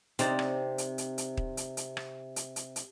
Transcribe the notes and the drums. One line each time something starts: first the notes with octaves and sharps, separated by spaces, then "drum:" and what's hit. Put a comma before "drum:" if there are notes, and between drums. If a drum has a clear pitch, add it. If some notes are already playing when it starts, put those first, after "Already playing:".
C3 C4 D#4 D5, drum: hi-hat
drum: rim click
drum: hi-hat
drum: hi-hat
drum: hi-hat
drum: kick D#1
drum: hi-hat
drum: hi-hat
drum: rim click
drum: hi-hat
drum: hi-hat
drum: hi-hat